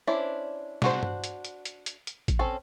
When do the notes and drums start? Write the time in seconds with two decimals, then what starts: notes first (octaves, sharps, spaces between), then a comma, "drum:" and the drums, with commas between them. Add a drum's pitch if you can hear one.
0.07 C#4 D4 E4 C5 D5
0.82 D4 F#4 C5, drum: snare
1.03 drum: tom G2
1.24 drum: hi-hat
1.45 drum: hi-hat
1.65 drum: hi-hat
1.86 drum: hi-hat
2.07 drum: hi-hat
2.28 drum: kick A1, hi-hat
2.39 C4 C#4 A4